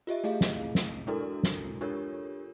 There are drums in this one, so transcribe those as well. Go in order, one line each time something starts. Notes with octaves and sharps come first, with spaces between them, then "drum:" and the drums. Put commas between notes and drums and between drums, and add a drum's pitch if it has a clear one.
F4 G4 D#5 E5
A3 E4 G#4 D#5 F5
drum: snare
drum: snare
G#3 D4 E4 F#4 A4 A#4
drum: snare
D4 F4 G4 A4 A#4 C#5